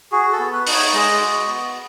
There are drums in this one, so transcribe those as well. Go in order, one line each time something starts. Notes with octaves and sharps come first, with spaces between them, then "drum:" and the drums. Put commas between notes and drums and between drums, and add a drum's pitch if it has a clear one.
F#4 G#4
A4
B3
B4
D#4, drum: open hi-hat
C#5
G#3 D#5
F#4
B3